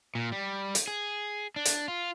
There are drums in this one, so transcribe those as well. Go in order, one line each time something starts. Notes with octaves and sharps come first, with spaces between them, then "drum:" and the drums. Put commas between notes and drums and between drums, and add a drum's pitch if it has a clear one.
A#2
G3
drum: hi-hat
G#4
D4
drum: hi-hat
F4